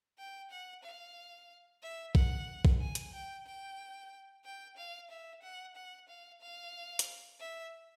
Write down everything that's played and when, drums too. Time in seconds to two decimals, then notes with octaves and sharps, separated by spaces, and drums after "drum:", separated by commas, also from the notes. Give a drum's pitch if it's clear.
0.19 G5
0.51 F#5
0.84 F5
1.82 E5
2.15 F#5, drum: kick A#1
2.65 drum: kick A#1
2.81 G#5
2.95 drum: hi-hat
3.13 G5
3.47 G5
4.45 G5
4.77 F5
5.10 E5
5.42 F#5
5.76 F#5
6.09 F5
6.41 F5
6.99 drum: hi-hat
7.40 E5